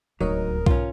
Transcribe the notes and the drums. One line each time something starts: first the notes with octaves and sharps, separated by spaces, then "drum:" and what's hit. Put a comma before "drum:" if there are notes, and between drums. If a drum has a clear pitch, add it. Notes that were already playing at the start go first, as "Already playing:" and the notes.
D1 C#2 F#3 D#4 A#4 C#5 D#6
B1 G#2 C#4 F4, drum: kick B1